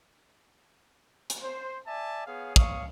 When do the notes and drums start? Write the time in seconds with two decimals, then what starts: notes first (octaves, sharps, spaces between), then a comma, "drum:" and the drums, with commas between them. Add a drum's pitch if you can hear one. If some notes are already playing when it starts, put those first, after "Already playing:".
1.30 drum: hi-hat
1.42 C5
1.86 D5 E5 G#5 A5
2.26 B3 G#4 C#5 F5
2.56 C#5 F5 C#6 D#6, drum: kick